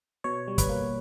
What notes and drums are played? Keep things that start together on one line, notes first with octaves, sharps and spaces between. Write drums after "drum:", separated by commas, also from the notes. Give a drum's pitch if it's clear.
B2 C#5
G3
B4, drum: kick, hi-hat
A#3